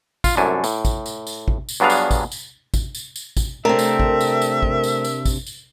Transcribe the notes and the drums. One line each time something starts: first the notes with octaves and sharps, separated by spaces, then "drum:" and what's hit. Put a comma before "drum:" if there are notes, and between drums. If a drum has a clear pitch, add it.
F4, drum: kick A1, tambourine
C2 F#2 A3 D4 G#5
A2, drum: tambourine
drum: kick A1, tambourine
drum: tambourine
drum: tambourine
drum: kick A1
drum: tambourine
G2 F#3 B3 D4 G#4 F5
drum: tambourine
drum: kick A1, tambourine
drum: tambourine
drum: kick A1, tambourine
drum: tambourine
drum: tambourine
drum: kick A1, tambourine
C3 A3 C4 D4 A#4 E5
drum: tambourine
drum: kick A1
drum: tambourine
drum: tambourine
drum: kick A1
drum: tambourine
drum: tambourine
drum: kick A1, tambourine
drum: tambourine